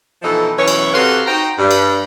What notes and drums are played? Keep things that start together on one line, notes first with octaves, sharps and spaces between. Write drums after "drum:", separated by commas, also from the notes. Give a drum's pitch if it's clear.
B2 E3 F3 D#4 A4
F#2 B2 E3 C#5
drum: cymbal
C3 F#4 A4 B4 F5 C6
D#4 F#4 C5 G5 A#5
G2
drum: cymbal